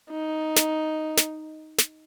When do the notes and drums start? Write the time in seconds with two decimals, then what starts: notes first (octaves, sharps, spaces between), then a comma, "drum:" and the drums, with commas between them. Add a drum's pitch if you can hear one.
0.10 D#4
0.56 drum: snare
1.17 drum: snare
1.78 drum: snare